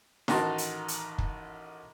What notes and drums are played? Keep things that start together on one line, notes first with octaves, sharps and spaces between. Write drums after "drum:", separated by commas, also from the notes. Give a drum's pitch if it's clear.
A1 D#3 D#4 F#4 A5 C6, drum: snare D#4
drum: hi-hat
drum: hi-hat
drum: kick